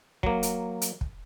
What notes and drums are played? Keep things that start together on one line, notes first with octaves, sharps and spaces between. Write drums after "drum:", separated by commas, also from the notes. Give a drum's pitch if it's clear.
F#3 A#3, drum: kick
drum: hi-hat
drum: hi-hat
drum: kick